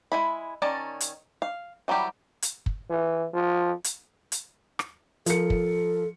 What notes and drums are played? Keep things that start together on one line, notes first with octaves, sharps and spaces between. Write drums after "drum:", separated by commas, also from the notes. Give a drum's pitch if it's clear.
G#3 E4 B5
D#3 C#4 D5 A5 A#5
drum: hi-hat
F5
E3 F#3 G3 G4
drum: hi-hat
drum: kick
E3
F3
drum: hi-hat
drum: hi-hat
drum: rim click
F3 A4 A#4 C#7, drum: hi-hat
drum: kick